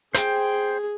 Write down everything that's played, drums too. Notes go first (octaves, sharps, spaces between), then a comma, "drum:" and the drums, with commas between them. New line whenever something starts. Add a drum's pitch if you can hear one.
G#4 C5 G5, drum: hi-hat